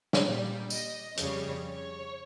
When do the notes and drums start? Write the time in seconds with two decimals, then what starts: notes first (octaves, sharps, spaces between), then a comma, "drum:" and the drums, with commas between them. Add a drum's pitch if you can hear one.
0.13 drum: snare
0.23 A#2 G3
0.70 D#5, drum: tambourine
1.17 F2 C#3 G3 C#5, drum: hi-hat
1.64 C#5